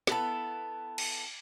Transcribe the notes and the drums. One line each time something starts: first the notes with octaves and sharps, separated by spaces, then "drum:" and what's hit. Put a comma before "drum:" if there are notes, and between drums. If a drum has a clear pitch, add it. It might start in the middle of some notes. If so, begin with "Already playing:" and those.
B3 E4 A4, drum: snare
drum: cymbal